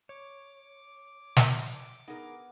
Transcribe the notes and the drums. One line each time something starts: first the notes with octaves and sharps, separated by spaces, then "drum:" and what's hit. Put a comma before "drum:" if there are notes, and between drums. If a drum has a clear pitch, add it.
C#5 D6
drum: snare
B3 D#4 G#4 A#4